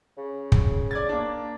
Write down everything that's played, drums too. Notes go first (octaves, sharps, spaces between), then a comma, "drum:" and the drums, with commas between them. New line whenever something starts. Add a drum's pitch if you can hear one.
C#3
drum: kick
D5 G#6 A6
A#3 D4